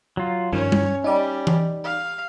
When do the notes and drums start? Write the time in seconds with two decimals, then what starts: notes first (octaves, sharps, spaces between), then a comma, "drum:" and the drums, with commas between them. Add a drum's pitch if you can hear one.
0.17 F#3 F4
0.53 G2 D#3 F3 C#4 C#5
0.72 drum: tom G3
1.04 G3 D#4 D5
1.47 drum: tom E3
1.84 F5